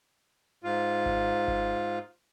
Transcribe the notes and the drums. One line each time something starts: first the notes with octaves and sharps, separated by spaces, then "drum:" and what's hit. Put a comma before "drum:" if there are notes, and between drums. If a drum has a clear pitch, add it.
G#2 F4
drum: kick G#1
drum: kick G#1